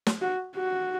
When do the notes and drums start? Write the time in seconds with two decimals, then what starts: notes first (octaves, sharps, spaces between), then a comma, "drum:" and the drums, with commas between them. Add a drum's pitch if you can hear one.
0.07 drum: snare
0.22 F#4
0.56 F#4